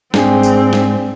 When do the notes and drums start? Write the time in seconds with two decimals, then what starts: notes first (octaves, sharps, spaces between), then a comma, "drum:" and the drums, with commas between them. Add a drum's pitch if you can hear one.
0.14 G#2 C4 D4 G#4, drum: snare
0.43 drum: tambourine
0.73 drum: snare